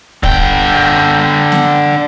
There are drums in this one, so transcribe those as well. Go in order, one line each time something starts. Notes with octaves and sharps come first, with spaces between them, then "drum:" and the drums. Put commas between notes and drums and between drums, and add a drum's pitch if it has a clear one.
D3 G5, drum: kick
drum: snare